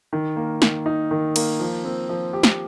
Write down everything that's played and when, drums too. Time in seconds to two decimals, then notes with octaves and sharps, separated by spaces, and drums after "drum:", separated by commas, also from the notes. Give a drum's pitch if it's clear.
0.13 D#3
0.36 A#3
0.62 D#3, drum: snare
0.86 D#4
1.11 D#3
1.36 A#3, drum: cymbal
1.60 F3
1.85 C4
2.09 F3
2.33 G4
2.43 drum: snare